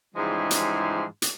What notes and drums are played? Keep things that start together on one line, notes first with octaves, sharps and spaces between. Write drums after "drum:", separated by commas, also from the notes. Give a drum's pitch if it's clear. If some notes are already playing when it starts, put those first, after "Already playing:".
G#2 C#3 E3 F3 G3 G#3
drum: hi-hat
drum: hi-hat